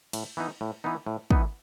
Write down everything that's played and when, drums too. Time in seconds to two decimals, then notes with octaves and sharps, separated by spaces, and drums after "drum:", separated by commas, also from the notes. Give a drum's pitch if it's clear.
0.13 A2, drum: cymbal
0.37 E3 B3 D#4
0.61 A2
0.84 E3 B3 D#4
1.07 A2
1.31 E3 B3 D#4, drum: kick